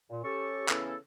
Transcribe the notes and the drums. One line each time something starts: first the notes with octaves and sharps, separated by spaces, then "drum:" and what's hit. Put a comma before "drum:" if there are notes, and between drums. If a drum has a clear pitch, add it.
A#2
C#4 G4 A4 C#6
C#3 E3 B3 C#4 E4 A4, drum: clap